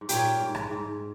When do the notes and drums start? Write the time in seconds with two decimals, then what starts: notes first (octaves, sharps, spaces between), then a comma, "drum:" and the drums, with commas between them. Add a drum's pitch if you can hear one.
0.01 G#2
0.09 A#2 G4 A#4 C#5, drum: hi-hat
0.40 G#2
0.55 drum: rim click
0.70 G#2